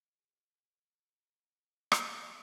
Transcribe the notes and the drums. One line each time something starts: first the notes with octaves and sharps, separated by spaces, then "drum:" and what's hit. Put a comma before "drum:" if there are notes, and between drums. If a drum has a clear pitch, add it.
F#4 G#4
G4 A#5
drum: rim click